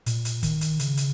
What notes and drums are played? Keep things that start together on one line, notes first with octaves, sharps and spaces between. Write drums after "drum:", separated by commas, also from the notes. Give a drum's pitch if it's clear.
A#2, drum: hi-hat
drum: hi-hat
D#3, drum: kick, hi-hat
drum: hi-hat
C#3, drum: hi-hat
drum: hi-hat